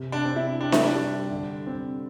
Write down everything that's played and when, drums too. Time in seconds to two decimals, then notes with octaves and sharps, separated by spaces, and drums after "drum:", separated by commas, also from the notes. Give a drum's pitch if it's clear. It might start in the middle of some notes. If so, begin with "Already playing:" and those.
Already playing: C3
0.12 D4
0.25 C4
0.36 E4
0.60 D4 G4
0.72 E4, drum: snare D4
0.84 D4
0.95 G3
1.31 D3
1.67 C4